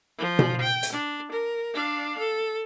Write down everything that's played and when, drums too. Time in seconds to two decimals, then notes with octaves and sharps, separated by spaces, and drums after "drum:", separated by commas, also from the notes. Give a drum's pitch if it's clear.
0.18 F3
0.39 drum: tom B2
0.61 G5
0.83 drum: hi-hat
0.92 D4
1.31 A#4
1.74 D4 F5
2.18 A4